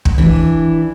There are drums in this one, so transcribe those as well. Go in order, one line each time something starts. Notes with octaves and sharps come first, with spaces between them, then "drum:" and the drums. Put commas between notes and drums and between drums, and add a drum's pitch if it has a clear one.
drum: kick
E3 D4